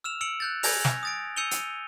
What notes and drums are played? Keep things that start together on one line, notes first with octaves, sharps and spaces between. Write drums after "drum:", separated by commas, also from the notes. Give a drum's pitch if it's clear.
E6 F6 E7 F7
E6 C#7 D7 F7 F#7
F#6 G6 A6
G#5 G6 G#6 A#6 F7, drum: open hi-hat
drum: snare
D#6 A6 D7
E6 G6 C#7 D#7 F7 G7
drum: hi-hat